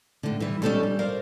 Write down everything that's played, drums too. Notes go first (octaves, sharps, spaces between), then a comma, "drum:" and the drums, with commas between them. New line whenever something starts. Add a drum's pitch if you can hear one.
A2 D3
E3 G3
C#4 D4 G4 A4 C#5 D#5, drum: tom G3
G3
A#4 C5 D5 F5